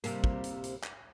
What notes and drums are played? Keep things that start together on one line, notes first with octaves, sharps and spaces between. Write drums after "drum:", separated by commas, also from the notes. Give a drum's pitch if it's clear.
C3 G3 A#3, drum: hi-hat
drum: kick
drum: hi-hat
drum: hi-hat
drum: clap